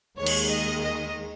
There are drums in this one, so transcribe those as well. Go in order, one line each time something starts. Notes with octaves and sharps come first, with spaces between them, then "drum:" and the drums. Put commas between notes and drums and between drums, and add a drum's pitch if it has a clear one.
D#2 D#3 G#3 C#5
drum: cymbal
D#5
D#5